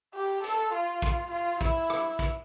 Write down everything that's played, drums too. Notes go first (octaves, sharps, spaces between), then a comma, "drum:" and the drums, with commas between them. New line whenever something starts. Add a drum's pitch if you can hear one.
G4
A4, drum: hi-hat
F4
drum: kick, hi-hat
F4
E4, drum: kick, hi-hat
drum: rim click
drum: kick, hi-hat